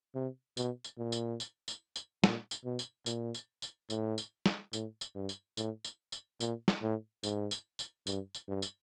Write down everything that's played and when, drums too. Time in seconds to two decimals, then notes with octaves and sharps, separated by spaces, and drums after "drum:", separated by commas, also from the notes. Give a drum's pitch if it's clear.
0.15 C3
0.57 B2, drum: tambourine
0.84 drum: tambourine
0.98 A#2
1.12 drum: tambourine
1.40 drum: tambourine
1.68 drum: tambourine
1.96 drum: tambourine
2.24 A#2, drum: snare
2.51 drum: tambourine
2.65 B2
2.79 drum: tambourine
3.06 A#2, drum: tambourine
3.34 drum: tambourine
3.62 drum: tambourine
3.90 A2, drum: tambourine
4.18 drum: tambourine
4.46 drum: snare
4.73 A2, drum: tambourine
5.01 drum: tambourine
5.15 G2
5.29 drum: tambourine
5.57 A2, drum: tambourine
5.85 drum: tambourine
6.12 drum: tambourine
6.40 A#2, drum: tambourine
6.68 drum: snare
6.82 A2
7.23 G#2, drum: tambourine
7.51 drum: tambourine
7.79 drum: tambourine
8.07 G2, drum: tambourine
8.35 drum: tambourine
8.48 G2
8.62 drum: tambourine